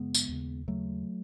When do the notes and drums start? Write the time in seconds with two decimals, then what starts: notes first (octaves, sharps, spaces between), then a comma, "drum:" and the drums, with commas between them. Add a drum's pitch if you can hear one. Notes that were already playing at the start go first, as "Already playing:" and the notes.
Already playing: F#2 C#3 G#3 B3
0.14 drum: tambourine
0.29 D#2 C#3
0.68 D#2 C#3 F#3 A3